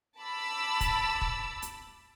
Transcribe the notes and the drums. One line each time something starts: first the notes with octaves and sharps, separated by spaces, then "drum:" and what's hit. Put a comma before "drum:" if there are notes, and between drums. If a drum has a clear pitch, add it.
A5 B5 D6 E6
drum: kick, hi-hat
drum: kick
drum: hi-hat